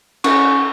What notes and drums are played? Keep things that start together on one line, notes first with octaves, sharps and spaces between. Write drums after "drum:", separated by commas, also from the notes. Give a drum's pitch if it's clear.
C#4 C#6, drum: cymbal
A4